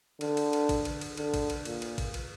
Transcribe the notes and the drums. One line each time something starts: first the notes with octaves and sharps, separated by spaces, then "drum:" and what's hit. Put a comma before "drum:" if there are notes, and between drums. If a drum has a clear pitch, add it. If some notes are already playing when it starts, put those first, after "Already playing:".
D3, drum: cymbal
drum: cymbal
drum: cymbal
drum: kick G#1, cymbal
drum: cymbal
drum: cymbal
D3, drum: cymbal
drum: kick G#1, cymbal
drum: cymbal
A#2, drum: cymbal
drum: cymbal
drum: kick G#1, cymbal
drum: cymbal